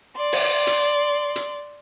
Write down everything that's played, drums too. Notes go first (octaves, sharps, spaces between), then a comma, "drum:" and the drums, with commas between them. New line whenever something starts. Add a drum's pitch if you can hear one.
D5 C6
drum: open hi-hat
drum: hi-hat
drum: hi-hat